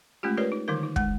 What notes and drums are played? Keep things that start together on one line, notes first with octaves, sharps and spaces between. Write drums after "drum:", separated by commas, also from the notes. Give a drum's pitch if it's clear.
G#3 A3 C#4 F4 G4
F4 G4 A#4 B4 C#5 D5
D#4
D3 D#3 G3 D#4 A#4
D#4
G#3, drum: kick